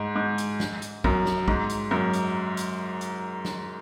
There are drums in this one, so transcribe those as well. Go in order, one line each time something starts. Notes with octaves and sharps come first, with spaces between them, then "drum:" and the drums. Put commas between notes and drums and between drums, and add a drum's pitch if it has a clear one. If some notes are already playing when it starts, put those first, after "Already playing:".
Already playing: G#2
G#2
drum: hi-hat
drum: snare
drum: hi-hat
F#2, drum: kick
drum: snare
G#2, drum: kick
drum: hi-hat
F#2
drum: hi-hat
drum: hi-hat
drum: hi-hat
drum: snare